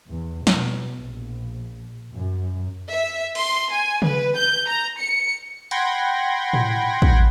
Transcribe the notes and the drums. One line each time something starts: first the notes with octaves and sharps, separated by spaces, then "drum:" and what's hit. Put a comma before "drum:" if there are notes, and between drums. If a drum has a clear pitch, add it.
E2
B2, drum: snare
A#1
F#2
E5
C6, drum: cymbal
G#5
B4, drum: tom C#3
G6
A#5
C#7
F#5 G5 B5 C6 G#6 A#6, drum: hi-hat
drum: tom A2
drum: kick